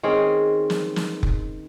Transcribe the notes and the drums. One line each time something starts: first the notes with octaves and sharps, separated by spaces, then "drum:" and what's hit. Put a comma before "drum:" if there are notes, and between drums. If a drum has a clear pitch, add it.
D#3 C4 C#4 G#4
drum: snare
drum: snare
drum: kick F1